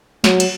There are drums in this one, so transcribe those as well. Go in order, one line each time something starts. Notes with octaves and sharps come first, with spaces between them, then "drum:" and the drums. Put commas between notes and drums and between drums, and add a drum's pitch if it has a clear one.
F#3, drum: snare
drum: cymbal